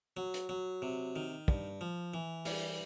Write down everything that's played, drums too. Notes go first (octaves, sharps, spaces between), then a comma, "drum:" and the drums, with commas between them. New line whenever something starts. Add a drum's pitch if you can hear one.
F#3
drum: hi-hat
F#3
C3
D#3
G2, drum: kick
F3
E3
G3, drum: open hi-hat